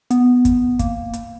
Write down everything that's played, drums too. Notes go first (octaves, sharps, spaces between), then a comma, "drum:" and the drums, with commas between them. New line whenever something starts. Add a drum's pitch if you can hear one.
B3, drum: hi-hat
drum: kick, hi-hat
A#3, drum: kick, hi-hat
drum: hi-hat